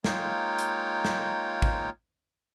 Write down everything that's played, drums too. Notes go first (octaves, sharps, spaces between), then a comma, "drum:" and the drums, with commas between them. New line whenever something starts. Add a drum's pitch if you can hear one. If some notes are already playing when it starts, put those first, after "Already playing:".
G#3 A#3 D#4 F4 C#5 G5, drum: snare
drum: hi-hat
drum: snare
drum: kick